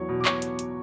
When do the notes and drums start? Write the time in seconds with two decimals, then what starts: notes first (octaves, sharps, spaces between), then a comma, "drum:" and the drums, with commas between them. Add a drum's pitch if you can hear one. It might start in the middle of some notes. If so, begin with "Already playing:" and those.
Already playing: E2 F#3 C#5 C#6
0.09 B2
0.21 D6
0.25 B2 C#5 C#6, drum: clap
0.42 drum: hi-hat
0.59 drum: hi-hat